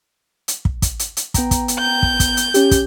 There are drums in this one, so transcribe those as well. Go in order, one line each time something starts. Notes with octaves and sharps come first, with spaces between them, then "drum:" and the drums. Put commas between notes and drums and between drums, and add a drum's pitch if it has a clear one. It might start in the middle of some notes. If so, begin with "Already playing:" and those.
drum: hi-hat
drum: kick
drum: kick, hi-hat
drum: hi-hat
drum: hi-hat
B3 G5 A#5, drum: kick, hi-hat
drum: kick, hi-hat
drum: hi-hat
G6
drum: kick
drum: kick, hi-hat
drum: hi-hat
C#4 G4, drum: hi-hat
drum: kick, hi-hat